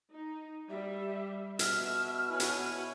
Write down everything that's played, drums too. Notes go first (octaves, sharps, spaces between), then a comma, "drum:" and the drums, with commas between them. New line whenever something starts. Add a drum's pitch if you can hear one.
D#4
G3 E5
B2 E5 F6, drum: hi-hat
E4 B4 C#5 G#5
drum: hi-hat